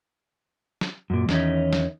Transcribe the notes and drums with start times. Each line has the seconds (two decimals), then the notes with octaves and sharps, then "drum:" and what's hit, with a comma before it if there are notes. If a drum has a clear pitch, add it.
0.81 drum: snare
1.10 F#2 A#2
1.29 E2 D#3 C#4 D#4 C#5 E5, drum: snare
1.73 drum: snare